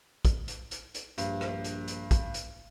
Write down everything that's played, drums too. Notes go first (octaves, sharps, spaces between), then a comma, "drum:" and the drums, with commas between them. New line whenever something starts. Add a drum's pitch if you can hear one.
drum: kick, hi-hat
drum: hi-hat
drum: hi-hat
drum: hi-hat
A#1 G2, drum: hi-hat
drum: rim click
drum: hi-hat
drum: hi-hat
drum: kick, hi-hat
drum: hi-hat